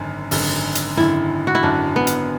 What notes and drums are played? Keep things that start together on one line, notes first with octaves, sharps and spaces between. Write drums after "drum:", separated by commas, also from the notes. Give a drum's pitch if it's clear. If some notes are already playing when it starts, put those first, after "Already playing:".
Already playing: G#1 F#2 D3
G#1 F#2 D3, drum: open hi-hat
drum: hi-hat
G#1 F#2 D3 E4
F#4
E4
G#1 F#2 D3 D4
B3
drum: hi-hat